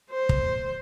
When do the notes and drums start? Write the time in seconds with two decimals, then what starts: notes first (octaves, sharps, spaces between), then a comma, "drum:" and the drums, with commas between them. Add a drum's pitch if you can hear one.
0.11 C5
0.29 drum: kick